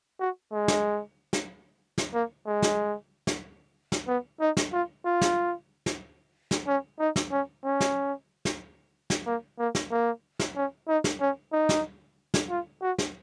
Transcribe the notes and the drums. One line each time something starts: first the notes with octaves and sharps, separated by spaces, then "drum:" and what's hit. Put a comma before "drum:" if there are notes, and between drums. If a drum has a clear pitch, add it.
F#4
G#3
drum: snare
drum: snare
drum: snare
A#3
G#3
drum: snare
drum: snare
drum: snare
B3
D#4
drum: snare
F4
F4
drum: snare
drum: snare
drum: snare
C#4
D#4
drum: snare
C#4
C#4
drum: snare
drum: snare
drum: snare
A#3
A#3
drum: snare
A#3
drum: snare
C#4
D#4
drum: snare
C#4
D#4
drum: snare
drum: snare
F4
F#4
drum: snare